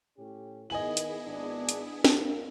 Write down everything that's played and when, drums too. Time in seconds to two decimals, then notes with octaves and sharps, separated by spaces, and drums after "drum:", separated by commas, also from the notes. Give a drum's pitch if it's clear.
0.18 A2 C#4 G4
0.70 D#3 B3 E4 G#4 D#5 G#5 F#7
0.97 drum: hi-hat
1.25 G#1 D4
1.69 drum: hi-hat
2.04 A#3 F#4 A#4, drum: snare